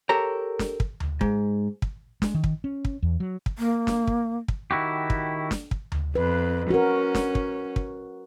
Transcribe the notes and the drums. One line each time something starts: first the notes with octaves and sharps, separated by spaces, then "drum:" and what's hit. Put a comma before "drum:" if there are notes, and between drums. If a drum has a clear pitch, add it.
G4 A4 A#4 C#5 A#5
drum: snare
drum: kick
drum: tom D2
G#2, drum: kick
drum: kick
G#3, drum: snare
D#3
drum: kick
C#4
drum: kick
E2
F#3
drum: kick
A#3
drum: snare
drum: kick
drum: kick
D#3 E4 F#4 G4
drum: kick
drum: snare
drum: kick
drum: tom D2
F2 B4
C#4 F#4 A#4
drum: snare
drum: kick
drum: kick